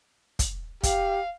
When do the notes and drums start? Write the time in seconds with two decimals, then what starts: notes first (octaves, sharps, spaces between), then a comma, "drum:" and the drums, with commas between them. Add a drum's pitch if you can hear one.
0.39 drum: kick, hi-hat
0.83 G4 F5, drum: kick, hi-hat